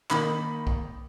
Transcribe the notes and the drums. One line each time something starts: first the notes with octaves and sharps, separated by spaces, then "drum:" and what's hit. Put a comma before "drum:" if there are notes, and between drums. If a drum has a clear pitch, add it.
D#3 A#3 D#4 B5, drum: clap
drum: kick